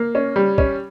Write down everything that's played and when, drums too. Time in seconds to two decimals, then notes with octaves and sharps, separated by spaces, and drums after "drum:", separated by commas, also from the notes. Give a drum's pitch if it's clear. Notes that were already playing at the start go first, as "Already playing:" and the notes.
Already playing: A#3
0.15 C#4
0.36 G3
0.58 C#4, drum: kick